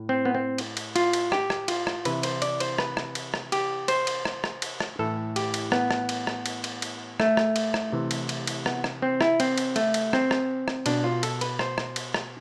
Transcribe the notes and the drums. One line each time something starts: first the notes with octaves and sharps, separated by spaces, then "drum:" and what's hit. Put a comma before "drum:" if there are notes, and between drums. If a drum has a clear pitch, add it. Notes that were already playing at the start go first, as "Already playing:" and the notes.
Already playing: A2
C4
B3
C4
drum: cymbal
drum: cymbal
F4, drum: cymbal
drum: cymbal
G4, drum: rim click
drum: rim click
F4, drum: cymbal
drum: rim click
C3 E3 B4, drum: cymbal
C5, drum: cymbal
D5, drum: cymbal
C5, drum: cymbal
B4, drum: rim click
drum: rim click
drum: cymbal
drum: rim click
G4, drum: cymbal
C5, drum: cymbal
drum: cymbal
drum: rim click
drum: rim click
drum: cymbal
drum: rim click
A2 E3 A4
G4, drum: cymbal
drum: cymbal
B3, drum: rim click
drum: rim click
drum: cymbal
drum: rim click
drum: cymbal
drum: cymbal
drum: cymbal
A3, drum: rim click
drum: rim click
drum: cymbal
drum: rim click
C3 E3
drum: cymbal
drum: cymbal
drum: cymbal
B3, drum: rim click
drum: rim click
C4
E4, drum: rim click
C4, drum: cymbal
drum: cymbal
A3, drum: cymbal
drum: cymbal
C4, drum: rim click
drum: rim click
drum: rim click
B2 D4, drum: cymbal
F4
A4, drum: cymbal
B4, drum: cymbal
C5, drum: rim click
drum: rim click
drum: cymbal
drum: rim click